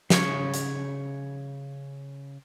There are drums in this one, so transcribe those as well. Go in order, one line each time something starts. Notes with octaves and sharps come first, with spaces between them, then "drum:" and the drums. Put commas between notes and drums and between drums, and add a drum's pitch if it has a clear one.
C#3 C#5, drum: snare
drum: hi-hat